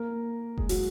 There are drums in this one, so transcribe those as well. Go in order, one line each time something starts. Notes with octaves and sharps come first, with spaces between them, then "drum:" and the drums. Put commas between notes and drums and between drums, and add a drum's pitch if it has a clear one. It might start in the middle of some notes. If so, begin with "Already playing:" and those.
Already playing: A#3 A#4
G#3 G#4, drum: kick F1
F#3 F#4, drum: open hi-hat